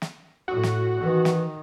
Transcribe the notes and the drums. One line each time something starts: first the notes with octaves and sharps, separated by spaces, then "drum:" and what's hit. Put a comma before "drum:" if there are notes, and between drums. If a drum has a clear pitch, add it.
drum: snare
A2 F#4
drum: snare
D#3 E3
drum: snare